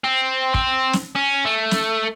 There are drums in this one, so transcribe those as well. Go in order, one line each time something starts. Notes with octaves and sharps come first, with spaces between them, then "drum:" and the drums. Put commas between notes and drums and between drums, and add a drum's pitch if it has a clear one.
C4
C4, drum: kick
drum: snare
C#4
A3
drum: snare